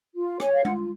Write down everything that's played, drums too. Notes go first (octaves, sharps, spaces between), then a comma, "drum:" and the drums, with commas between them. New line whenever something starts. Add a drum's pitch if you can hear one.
F4
C#5 G#5, drum: rim click
F5
F4 F#5, drum: tom G#3